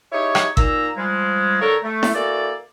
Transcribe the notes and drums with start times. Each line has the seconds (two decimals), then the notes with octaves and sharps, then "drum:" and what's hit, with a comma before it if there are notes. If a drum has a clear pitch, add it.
0.12 D#4 E4 G4 G#4 C#5
0.35 drum: rim click
0.57 A#2 A#3 D#4 A#5 E6, drum: kick G1
0.97 F3 G3 G#3
1.61 D3 A4 A#4 C#5
1.83 A3
2.03 drum: snare E4
2.15 E3 A#3 F#4 A4 D5